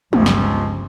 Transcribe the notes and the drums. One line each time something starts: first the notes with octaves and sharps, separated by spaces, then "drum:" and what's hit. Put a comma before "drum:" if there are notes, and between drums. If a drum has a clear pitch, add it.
G1 C#2 A#2 C#3 F3, drum: tom G#3
drum: snare